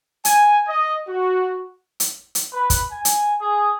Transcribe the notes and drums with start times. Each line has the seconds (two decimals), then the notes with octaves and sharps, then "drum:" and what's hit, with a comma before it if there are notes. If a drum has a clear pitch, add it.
0.25 G#5, drum: hi-hat
0.68 D#5
1.08 F#4
2.00 drum: hi-hat
2.35 drum: hi-hat
2.53 B4
2.70 drum: kick, hi-hat
2.92 G#5
3.05 drum: hi-hat
3.40 G#4